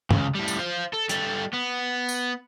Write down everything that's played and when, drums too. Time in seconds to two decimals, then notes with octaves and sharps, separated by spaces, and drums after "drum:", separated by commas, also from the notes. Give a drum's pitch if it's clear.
0.11 C#2 C#3, drum: tom
0.35 A2 G3
0.48 drum: tambourine
0.59 C5 F5
0.93 A4
1.09 G3 A4, drum: hi-hat
1.53 B3
2.09 drum: tambourine